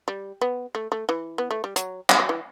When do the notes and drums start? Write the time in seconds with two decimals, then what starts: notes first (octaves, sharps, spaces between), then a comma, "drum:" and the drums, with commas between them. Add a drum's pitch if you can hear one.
0.08 G3
0.41 B3
0.75 A3
0.92 A3
1.09 E3
1.38 B3
1.51 A3
1.64 G3
1.76 F#3, drum: hi-hat
2.10 G3, drum: clap
2.19 F#3
2.29 E3